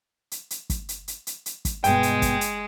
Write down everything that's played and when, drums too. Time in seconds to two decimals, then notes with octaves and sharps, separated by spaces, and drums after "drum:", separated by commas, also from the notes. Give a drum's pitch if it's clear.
0.31 drum: hi-hat
0.51 drum: hi-hat
0.70 drum: kick, hi-hat
0.89 drum: hi-hat
1.08 drum: hi-hat
1.27 drum: hi-hat
1.46 drum: hi-hat
1.65 drum: kick, hi-hat
1.84 G2 B2 G#3 G5, drum: hi-hat
2.03 drum: hi-hat
2.22 drum: kick, hi-hat
2.41 drum: hi-hat